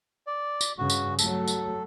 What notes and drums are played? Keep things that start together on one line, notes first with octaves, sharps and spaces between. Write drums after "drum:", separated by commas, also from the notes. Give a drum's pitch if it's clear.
D5
drum: tambourine
G2 C#3 F#4
drum: tambourine
F#3 A3 A4, drum: tambourine
drum: tambourine